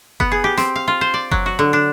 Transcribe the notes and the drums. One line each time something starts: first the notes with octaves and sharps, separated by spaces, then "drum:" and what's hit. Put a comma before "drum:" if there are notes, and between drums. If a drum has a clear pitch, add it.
B3, drum: kick F#1
G#4
G4
C4, drum: snare
F5
F4
C5
D5
F#3, drum: kick F#1
F#4
D3
D4